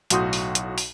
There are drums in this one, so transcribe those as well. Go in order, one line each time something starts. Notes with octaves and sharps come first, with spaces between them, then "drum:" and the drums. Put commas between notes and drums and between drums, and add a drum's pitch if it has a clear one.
B1 A2 F#4 C6 D#6 G6, drum: hi-hat
drum: open hi-hat
drum: hi-hat
drum: open hi-hat